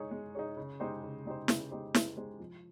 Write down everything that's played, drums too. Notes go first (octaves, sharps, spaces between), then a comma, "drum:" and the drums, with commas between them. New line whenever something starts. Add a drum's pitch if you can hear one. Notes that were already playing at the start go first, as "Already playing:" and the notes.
Already playing: G#3 D#4 G#4 C#5
G#3
D#4 G#4 C#5
C#3
G#3 D#4 G4 C5
C#3
G#3 D#4 G4 C5
C#3, drum: snare
G#3 D#4 G4 C5
C#3, drum: snare
G#3 D#4 G4 C5
F3